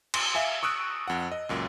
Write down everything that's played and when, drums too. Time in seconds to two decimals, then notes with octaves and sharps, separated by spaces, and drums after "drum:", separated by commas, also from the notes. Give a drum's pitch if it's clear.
0.14 C6, drum: cymbal
0.35 E5 F5 G#5
0.63 C#6 D#6 E6 F#6 D7
1.08 F2 F#5
1.32 D#5
1.49 C#2 F#2 A#2